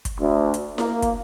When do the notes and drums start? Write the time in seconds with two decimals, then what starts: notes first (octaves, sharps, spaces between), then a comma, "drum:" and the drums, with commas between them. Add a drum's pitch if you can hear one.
0.05 drum: kick, hi-hat
0.21 D2
0.54 drum: hi-hat
0.78 A#3, drum: snare E4
1.02 drum: kick, hi-hat